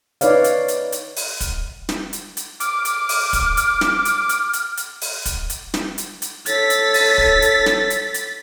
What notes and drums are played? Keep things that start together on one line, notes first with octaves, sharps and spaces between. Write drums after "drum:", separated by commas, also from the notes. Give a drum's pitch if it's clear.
D#4 B4 C#5 D5 F5, drum: hi-hat
drum: hi-hat
drum: hi-hat
drum: hi-hat
drum: open hi-hat
drum: kick, hi-hat
drum: snare
drum: hi-hat
drum: hi-hat
D6 F6, drum: hi-hat
drum: hi-hat
drum: open hi-hat
drum: kick, hi-hat
drum: hi-hat
drum: snare
drum: hi-hat
drum: hi-hat
drum: hi-hat
drum: hi-hat
drum: open hi-hat
drum: kick, hi-hat
drum: hi-hat
drum: snare
drum: hi-hat
drum: hi-hat
A4 C#5 A6 B6, drum: hi-hat
drum: hi-hat
drum: open hi-hat
drum: kick
drum: hi-hat
drum: snare
drum: hi-hat
drum: hi-hat